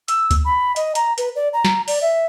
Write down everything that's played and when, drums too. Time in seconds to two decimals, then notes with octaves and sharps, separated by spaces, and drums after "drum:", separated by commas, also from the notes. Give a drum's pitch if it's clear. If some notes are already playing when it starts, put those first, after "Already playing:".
0.08 E6, drum: hi-hat
0.31 drum: kick D2, hi-hat
0.45 B5
0.76 D#5, drum: hi-hat
0.95 A#5, drum: hi-hat
1.18 B4, drum: hi-hat
1.36 D5
1.53 A#5
1.65 drum: snare
1.88 D5, drum: open hi-hat
2.02 E5